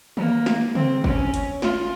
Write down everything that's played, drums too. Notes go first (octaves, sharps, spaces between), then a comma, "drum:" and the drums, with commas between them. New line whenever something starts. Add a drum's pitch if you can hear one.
A#3, drum: tom D#3
drum: snare
C4, drum: tom C#3
C#4, drum: kick
drum: hi-hat
F4, drum: snare